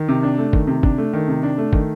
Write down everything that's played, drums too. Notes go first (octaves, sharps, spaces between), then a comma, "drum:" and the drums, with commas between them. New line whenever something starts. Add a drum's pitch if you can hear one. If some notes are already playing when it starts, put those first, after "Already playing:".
Already playing: D#3
C3
D4
A3
D#3, drum: kick
C3
D4, drum: kick
A3
D#3
C3
D4
A3
D#3, drum: kick